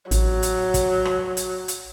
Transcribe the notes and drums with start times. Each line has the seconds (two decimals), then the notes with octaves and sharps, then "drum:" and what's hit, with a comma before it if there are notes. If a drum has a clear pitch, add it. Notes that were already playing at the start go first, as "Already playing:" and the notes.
0.11 A1 F#3, drum: hi-hat
0.43 drum: hi-hat
0.74 drum: kick, hi-hat
1.05 drum: rim click
1.37 drum: hi-hat
1.68 drum: hi-hat